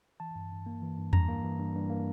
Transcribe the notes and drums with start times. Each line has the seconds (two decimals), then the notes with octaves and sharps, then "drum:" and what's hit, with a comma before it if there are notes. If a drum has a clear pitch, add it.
0.20 E3 A5
0.35 G2
0.51 G2
0.66 A#3
0.82 E3
0.98 G2
1.13 G2 A#5, drum: tom E2
1.28 A#3
1.44 E3
1.59 G2
1.75 G2
1.90 A#3